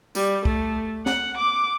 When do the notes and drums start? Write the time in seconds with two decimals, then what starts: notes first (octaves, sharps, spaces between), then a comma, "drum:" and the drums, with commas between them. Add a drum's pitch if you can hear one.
0.15 G3, drum: tambourine
0.45 A3, drum: kick
1.06 F#5, drum: snare
1.38 D6